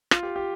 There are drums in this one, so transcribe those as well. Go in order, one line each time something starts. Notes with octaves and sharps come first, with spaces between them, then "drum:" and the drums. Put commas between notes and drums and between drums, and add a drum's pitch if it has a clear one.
F4, drum: rim click
G4
G4